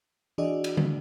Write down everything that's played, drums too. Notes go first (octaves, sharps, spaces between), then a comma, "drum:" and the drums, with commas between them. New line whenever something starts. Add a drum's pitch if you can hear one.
E3 D4 F#4 G#4 D5 D#5
drum: cymbal
drum: tom D3